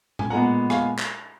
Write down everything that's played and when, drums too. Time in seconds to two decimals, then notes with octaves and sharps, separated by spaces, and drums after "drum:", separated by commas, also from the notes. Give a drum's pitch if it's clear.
0.19 G#5, drum: tom A2
0.30 A#2 G#3 B3 F#5 A#5
0.70 F5 G#5, drum: rim click
0.99 drum: clap